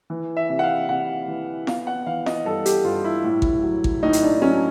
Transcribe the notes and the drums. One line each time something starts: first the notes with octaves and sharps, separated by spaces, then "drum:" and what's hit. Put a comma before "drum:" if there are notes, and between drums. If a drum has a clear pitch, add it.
E3
E5
C3
F#5
F5
C3 F#5
E3
B3 F5, drum: snare
F#5
E3 F5
D#5, drum: snare
G2 A4
G4, drum: hi-hat
G2 F4
E4
A2
drum: kick G#1
F#3
drum: kick G#1
A2 D#4
drum: hi-hat
D4
F#3 C#4